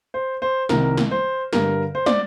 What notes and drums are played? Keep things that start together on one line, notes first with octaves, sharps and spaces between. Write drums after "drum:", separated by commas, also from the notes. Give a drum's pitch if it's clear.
C5
C5
C2 C3 D#3 A#4, drum: snare
drum: snare
C5
G2 D3 G3 A#4, drum: snare
C5
D5, drum: snare